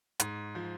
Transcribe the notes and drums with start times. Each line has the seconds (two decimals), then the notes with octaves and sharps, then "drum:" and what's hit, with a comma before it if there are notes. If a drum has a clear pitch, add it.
0.20 G#2, drum: hi-hat
0.55 F3